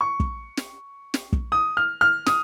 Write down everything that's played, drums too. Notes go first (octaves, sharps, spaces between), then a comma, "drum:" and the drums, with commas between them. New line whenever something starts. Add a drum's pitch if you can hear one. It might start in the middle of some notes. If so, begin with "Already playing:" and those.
C#6
drum: kick
drum: snare
drum: snare
drum: kick
D#6
F6
F6
D#6, drum: snare